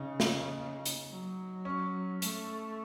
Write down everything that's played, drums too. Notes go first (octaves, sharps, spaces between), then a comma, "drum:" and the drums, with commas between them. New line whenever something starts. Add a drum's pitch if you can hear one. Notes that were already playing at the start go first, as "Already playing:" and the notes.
Already playing: C#3 D#4
drum: snare
drum: hi-hat
F#3
C#4
A3, drum: hi-hat